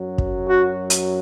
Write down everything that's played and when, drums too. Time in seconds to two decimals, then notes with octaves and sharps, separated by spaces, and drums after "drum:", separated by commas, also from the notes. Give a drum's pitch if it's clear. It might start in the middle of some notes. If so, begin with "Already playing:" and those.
Already playing: F#2 F#3
0.18 drum: kick
0.46 F#4
0.90 drum: hi-hat